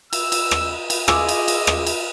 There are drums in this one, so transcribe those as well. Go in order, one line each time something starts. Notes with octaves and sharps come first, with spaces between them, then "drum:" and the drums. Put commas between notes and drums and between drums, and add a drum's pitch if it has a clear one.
E6, drum: cymbal
drum: cymbal
drum: rim click
drum: cymbal
E4 F4 G#4 D#5 D6 E6, drum: rim click
drum: cymbal
drum: cymbal
drum: rim click
drum: cymbal